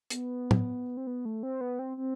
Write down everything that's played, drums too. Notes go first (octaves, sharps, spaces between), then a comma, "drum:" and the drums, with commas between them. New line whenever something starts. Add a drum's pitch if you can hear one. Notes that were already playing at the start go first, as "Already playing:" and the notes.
B3, drum: hi-hat
drum: tom A2
C4
B3
A3
C4
B3
C4
C4